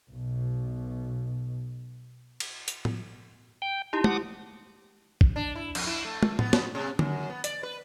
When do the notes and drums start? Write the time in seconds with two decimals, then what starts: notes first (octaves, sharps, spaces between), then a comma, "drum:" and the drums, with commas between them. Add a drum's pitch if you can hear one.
0.11 B1 B2
2.40 drum: cymbal
2.68 drum: hi-hat
2.85 drum: tom
3.62 G5
3.93 D#4 E4 G4
4.04 F#5 D6 D#6, drum: tom
5.21 drum: kick
5.36 D4
5.56 E4
5.75 F2, drum: cymbal
5.87 E4
6.05 A3
6.23 drum: tom
6.39 B3, drum: tom
6.53 drum: snare
6.75 C3
6.99 F#2, drum: tom D3
7.29 B3
7.44 D5, drum: hi-hat
7.63 B4